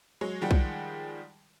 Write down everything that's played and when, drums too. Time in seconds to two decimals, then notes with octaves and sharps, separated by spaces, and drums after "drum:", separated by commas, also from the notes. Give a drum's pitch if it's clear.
0.21 F#3 G#3 C#5
0.41 D#3 F3 G3 G#3 F#5 G5
0.51 drum: kick B1